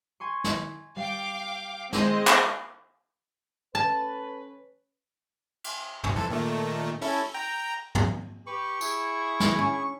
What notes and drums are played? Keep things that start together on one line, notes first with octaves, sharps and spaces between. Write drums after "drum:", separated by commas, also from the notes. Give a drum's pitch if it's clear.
G#5 C6 C#6
drum: snare
G3 F5 G5 D6
G#3 C4 D#5, drum: snare
drum: clap
C#4 A4 B4 A5
drum: cymbal
G1 C2, drum: tom
F2 E3 A4
A#2 D#3 A3
C#4 E4 A4, drum: open hi-hat
G5 A#5
drum: tom
G4 B4 C#6
E4 G#4, drum: tambourine
drum: snare
C#4